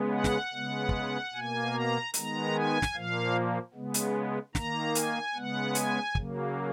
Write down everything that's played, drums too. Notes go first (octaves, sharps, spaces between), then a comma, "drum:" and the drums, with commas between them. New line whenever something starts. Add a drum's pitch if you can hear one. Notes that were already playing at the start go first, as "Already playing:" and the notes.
Already playing: C#3 G#3 B3
F#5
drum: snare
C#3 G#3 B3
drum: kick
B2 A#3 G#5
A#5
D#3 G#3 B3 A#5, drum: hi-hat
G#5
drum: snare
A#2 F3 A#3 F5
C#3 G#3 B3
drum: hi-hat
D#3 A#3 A#5, drum: snare
G#5, drum: hi-hat
C#3 G#3 B3 F#5
G#5, drum: hi-hat
C#3 F#3 A#3, drum: kick